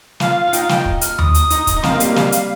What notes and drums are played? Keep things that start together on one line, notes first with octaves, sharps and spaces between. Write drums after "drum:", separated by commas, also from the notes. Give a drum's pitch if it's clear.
F4 F5, drum: snare
F5
F5
F4
D#4 G5, drum: hi-hat
F5
G5, drum: snare
drum: kick
F6, drum: hi-hat
D#6, drum: tom D#2
drum: hi-hat
D#4, drum: hi-hat
drum: kick, hi-hat
D#4
C4 F5, drum: snare
A#3
G3, drum: hi-hat
A#3
G3, drum: snare
drum: hi-hat